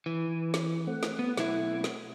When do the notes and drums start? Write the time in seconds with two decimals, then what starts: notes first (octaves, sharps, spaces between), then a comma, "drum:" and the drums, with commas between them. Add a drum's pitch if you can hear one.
0.06 E3
0.54 drum: snare
0.87 A3 C4 F#5
1.03 drum: snare
1.19 B3
1.37 B1 E4, drum: snare
1.84 drum: snare